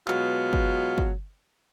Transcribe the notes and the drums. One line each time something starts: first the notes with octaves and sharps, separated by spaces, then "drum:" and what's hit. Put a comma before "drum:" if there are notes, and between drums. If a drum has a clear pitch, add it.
B2 F#3 G#3 B3 F4 F#4, drum: clap
drum: kick
drum: kick